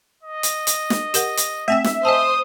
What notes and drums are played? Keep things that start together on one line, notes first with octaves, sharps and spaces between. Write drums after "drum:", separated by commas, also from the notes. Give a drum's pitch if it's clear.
D#5
drum: hi-hat
drum: hi-hat
drum: snare
G4 A#4 F#5, drum: hi-hat
drum: hi-hat
A3 C4 E5 G5
drum: snare
C5 D#5 G#5 A5 D#6